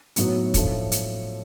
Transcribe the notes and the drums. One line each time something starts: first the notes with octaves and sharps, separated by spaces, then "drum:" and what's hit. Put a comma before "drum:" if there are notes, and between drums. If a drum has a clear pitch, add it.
A2 F#3 B3 D#4 F#4, drum: hi-hat
A2 F3 A3 D4 F4, drum: kick, hi-hat
drum: hi-hat